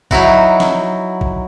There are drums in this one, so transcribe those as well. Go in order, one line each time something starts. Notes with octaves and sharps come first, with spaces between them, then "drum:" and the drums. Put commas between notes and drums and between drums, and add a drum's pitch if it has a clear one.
F#3 D#4 E4 F#4, drum: kick G#1
drum: snare
drum: kick G#1